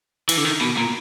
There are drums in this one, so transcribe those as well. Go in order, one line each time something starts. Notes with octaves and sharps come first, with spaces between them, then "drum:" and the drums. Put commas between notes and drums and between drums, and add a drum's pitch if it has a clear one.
E3, drum: cymbal
D3
D#3
B2
A#2